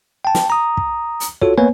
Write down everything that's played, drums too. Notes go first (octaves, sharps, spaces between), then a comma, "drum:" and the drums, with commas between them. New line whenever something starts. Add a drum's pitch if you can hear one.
G5 A5
drum: snare
A#5 D#6
drum: kick
drum: hi-hat
F4 F#4 A4 C#5, drum: kick
A#3 B3 B4 C#5 G#5